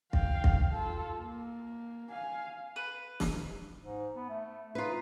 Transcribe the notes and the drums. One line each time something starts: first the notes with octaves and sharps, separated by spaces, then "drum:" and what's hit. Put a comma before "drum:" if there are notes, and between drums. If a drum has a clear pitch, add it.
F5 G5, drum: kick
drum: kick
F4 A4
A#3
F5 G#5
B4
drum: snare
G#2
B3
A3
D#4 F4 B4